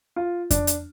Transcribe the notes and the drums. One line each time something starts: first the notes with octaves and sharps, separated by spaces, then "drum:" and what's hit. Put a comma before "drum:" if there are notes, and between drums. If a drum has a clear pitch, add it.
F4
D4, drum: kick F2, hi-hat
drum: hi-hat